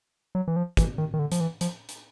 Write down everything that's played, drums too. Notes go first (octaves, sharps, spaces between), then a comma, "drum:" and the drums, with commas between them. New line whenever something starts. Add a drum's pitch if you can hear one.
F#3
E3
F3
E3, drum: kick, hi-hat
D#3
D#3
D3
F3, drum: hi-hat
E3
F3, drum: hi-hat
drum: hi-hat